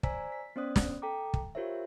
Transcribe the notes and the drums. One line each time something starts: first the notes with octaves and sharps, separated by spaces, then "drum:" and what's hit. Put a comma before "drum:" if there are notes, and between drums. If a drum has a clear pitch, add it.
C5 D5 G#5 A#5 E6 B6, drum: kick
B6
B3 C#4 C5 D5 D#6 F#6
drum: snare
A4 G5 A#5 D6
drum: kick
F4 G4 A#4 C5 C#5 E5